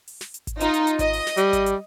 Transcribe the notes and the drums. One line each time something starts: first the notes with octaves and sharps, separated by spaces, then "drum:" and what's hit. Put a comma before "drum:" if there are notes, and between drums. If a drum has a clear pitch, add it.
drum: open hi-hat
drum: snare
drum: hi-hat
drum: kick G#1, hi-hat
D#4 F4, drum: hi-hat
drum: hi-hat
drum: hi-hat
D#5, drum: kick G#1, hi-hat
drum: open hi-hat
drum: snare
G3, drum: hi-hat
drum: kick G#1, hi-hat
drum: hi-hat